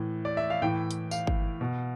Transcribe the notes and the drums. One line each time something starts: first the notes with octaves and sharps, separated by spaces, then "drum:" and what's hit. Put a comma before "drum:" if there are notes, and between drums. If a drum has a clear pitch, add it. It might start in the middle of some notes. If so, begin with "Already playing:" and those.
Already playing: A2 E3
D5
E5
F5
A2 E3 G5
drum: hi-hat
F5, drum: tambourine
drum: kick G1
B2